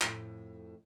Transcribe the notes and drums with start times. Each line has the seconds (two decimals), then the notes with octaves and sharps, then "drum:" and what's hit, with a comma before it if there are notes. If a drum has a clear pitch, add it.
0.01 F2 A2, drum: clap